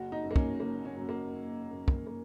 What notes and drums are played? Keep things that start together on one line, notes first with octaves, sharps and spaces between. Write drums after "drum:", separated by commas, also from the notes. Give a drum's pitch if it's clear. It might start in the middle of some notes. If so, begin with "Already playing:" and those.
Already playing: F#1 F#4
D#4
F#2
F#3 A#3
C#4, drum: kick
F#1 A#3
C#4
F#2 F#3
A#3
F#1
F#2 F#3
drum: kick
A#3